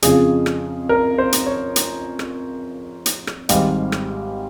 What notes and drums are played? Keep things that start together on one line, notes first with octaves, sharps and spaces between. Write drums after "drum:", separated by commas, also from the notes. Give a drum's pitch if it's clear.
F2 C#3 F3 G#4, drum: hi-hat
drum: rim click
A#4
C5
drum: hi-hat
C#5
drum: hi-hat
drum: rim click
drum: hi-hat
drum: rim click
G#1 G#2 G3 F5, drum: hi-hat
drum: rim click